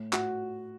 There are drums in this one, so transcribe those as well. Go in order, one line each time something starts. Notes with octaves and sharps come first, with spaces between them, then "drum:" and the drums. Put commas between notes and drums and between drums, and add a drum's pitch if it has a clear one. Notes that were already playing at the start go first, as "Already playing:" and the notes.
Already playing: A2
A2 F#4, drum: clap